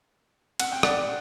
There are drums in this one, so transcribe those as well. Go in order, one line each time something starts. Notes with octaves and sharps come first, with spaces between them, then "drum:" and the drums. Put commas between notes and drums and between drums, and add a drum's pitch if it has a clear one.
F#5, drum: cymbal
G5
D5 F#5, drum: rim click